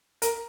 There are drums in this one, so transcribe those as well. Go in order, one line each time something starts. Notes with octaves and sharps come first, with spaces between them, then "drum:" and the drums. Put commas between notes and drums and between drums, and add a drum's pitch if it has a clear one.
A#4, drum: hi-hat